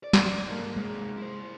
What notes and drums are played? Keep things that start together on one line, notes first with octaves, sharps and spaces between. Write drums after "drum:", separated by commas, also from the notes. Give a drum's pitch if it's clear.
D5
drum: snare
G#2 D#3 A#3 A4
F#2 C3 G#3
E4 C5